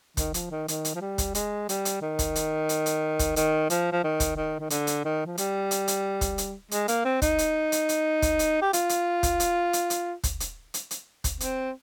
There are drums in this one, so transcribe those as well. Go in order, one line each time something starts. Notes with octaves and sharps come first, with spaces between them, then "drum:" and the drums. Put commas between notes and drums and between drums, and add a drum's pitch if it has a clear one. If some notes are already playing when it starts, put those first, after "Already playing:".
D#3, drum: kick, hi-hat
F3, drum: hi-hat
D#3
D#3, drum: hi-hat
drum: hi-hat
F3
G3
drum: kick, hi-hat
G#3, drum: hi-hat
G3, drum: hi-hat
drum: hi-hat
D#3
drum: kick, hi-hat
drum: hi-hat
drum: hi-hat
drum: hi-hat
drum: kick, hi-hat
D#3, drum: hi-hat
F3, drum: hi-hat
F3
D#3
drum: kick, hi-hat
D#3
D#3
D3, drum: hi-hat
drum: hi-hat
D#3
F3
G3, drum: hi-hat
drum: hi-hat
drum: hi-hat
drum: kick, hi-hat
drum: hi-hat
G#3, drum: hi-hat
A#3, drum: hi-hat
C4
D#4, drum: kick, hi-hat
drum: hi-hat
drum: hi-hat
drum: hi-hat
drum: kick, hi-hat
drum: hi-hat
G4
F4, drum: hi-hat
drum: hi-hat
drum: kick, hi-hat
drum: hi-hat
drum: hi-hat
drum: hi-hat
drum: kick, hi-hat
drum: hi-hat
drum: hi-hat
drum: hi-hat
drum: kick, hi-hat
C4, drum: hi-hat